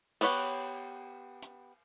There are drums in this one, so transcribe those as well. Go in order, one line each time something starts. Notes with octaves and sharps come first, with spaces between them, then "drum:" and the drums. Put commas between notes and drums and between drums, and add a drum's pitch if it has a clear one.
B3 G4 B4 C#5 F#5, drum: cymbal
drum: hi-hat